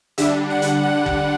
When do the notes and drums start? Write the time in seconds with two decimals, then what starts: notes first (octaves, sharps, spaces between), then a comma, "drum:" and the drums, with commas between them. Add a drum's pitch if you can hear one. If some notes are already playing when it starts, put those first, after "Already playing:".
0.18 D3 G3 D4 E5, drum: hi-hat
0.50 F#5
0.62 drum: hi-hat
0.84 F#5
1.06 drum: kick